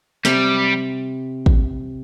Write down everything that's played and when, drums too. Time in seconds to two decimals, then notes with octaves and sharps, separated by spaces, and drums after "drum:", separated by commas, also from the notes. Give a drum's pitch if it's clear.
0.25 C3 G3, drum: snare
1.46 drum: kick